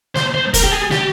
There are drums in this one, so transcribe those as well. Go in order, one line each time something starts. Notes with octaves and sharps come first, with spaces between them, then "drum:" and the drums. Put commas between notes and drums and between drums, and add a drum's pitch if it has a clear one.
C5, drum: snare
C5
A#4, drum: kick, hi-hat
G4
G#4
G4, drum: snare